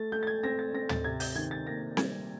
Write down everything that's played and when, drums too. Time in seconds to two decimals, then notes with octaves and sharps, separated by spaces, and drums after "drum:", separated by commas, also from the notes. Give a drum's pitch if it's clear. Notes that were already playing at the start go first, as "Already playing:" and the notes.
Already playing: A3 A6
0.12 A3 G6
0.23 A6
0.27 G#6
0.43 C4 A#6
0.59 A6
0.74 C4 A#6
0.89 A6, drum: tom
1.04 C3 G#6
1.20 G6, drum: open hi-hat
1.35 D#3 G#6
1.51 A6
1.67 A#3 A#6
1.97 G3 G#6, drum: snare C4